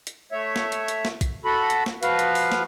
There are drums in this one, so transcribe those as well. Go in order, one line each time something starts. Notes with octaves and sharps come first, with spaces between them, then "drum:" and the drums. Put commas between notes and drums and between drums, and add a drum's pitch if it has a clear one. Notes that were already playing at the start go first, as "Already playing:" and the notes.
drum: hi-hat
A3 C#5 E5
drum: snare
drum: hi-hat
drum: hi-hat
drum: snare
drum: kick, hi-hat
F#4 A4 B5
drum: hi-hat
drum: snare
F3 F#4 B4 F5, drum: hi-hat
drum: hi-hat
drum: open hi-hat
drum: snare